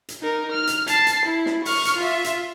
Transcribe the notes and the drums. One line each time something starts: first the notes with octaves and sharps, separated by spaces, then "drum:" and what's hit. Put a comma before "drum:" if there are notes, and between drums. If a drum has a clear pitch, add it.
drum: hi-hat
D#4 A#4
F6
drum: hi-hat
A5 C7, drum: hi-hat
drum: hi-hat
E4
drum: snare
C#6 F6, drum: open hi-hat
drum: hi-hat
F4 E5
drum: hi-hat